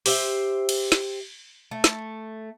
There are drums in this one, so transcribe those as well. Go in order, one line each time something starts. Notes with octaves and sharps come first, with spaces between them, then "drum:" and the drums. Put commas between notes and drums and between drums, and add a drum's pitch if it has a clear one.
G4 C5 E5, drum: open hi-hat
drum: cymbal
drum: snare
A3
drum: snare